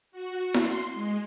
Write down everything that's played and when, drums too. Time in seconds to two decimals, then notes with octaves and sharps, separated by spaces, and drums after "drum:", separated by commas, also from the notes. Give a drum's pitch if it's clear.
0.12 F#4
0.54 C6, drum: snare E4
0.93 G#3